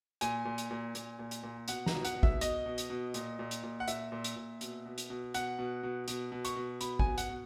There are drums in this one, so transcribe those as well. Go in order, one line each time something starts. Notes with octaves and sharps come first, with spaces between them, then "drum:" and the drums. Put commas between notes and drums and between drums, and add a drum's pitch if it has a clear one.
A#2 G#5, drum: hi-hat
A#2
drum: hi-hat
A#2
A#2, drum: hi-hat
A#2
drum: hi-hat
A#2
B2 F#5, drum: hi-hat
A#5, drum: snare
B2
F#5, drum: hi-hat
B2
E5, drum: kick
B2 D#5, drum: hi-hat
B2
drum: hi-hat
B2
A#2, drum: hi-hat
A#2
drum: hi-hat
A#2
F#5
A#2 E5, drum: hi-hat
A#2
drum: hi-hat
A#2
B2, drum: hi-hat
B2
drum: hi-hat
B2
B2 F#5, drum: hi-hat
B2
B2
B2, drum: hi-hat
B2
C#6, drum: hi-hat
B2
B2 B5, drum: hi-hat
G#5, drum: kick
B2
F#5, drum: hi-hat
B2